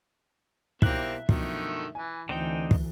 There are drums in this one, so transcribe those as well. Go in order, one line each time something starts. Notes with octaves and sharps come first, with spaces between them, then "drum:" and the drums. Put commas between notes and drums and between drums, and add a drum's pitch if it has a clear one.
B1 G3 A#3 C4 E4 E5 F#6, drum: kick
F#2 B2 D3 D#3 F3 A3, drum: kick
E3 G#5
D2 D3 E3 C4 D#4 G5
drum: kick